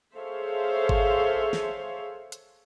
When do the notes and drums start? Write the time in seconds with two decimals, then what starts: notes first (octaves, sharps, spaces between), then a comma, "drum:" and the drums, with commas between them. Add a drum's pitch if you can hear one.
0.17 G#4 A4 C5 C#5 E5 F5
0.89 drum: kick G#1
1.53 drum: snare
2.32 drum: hi-hat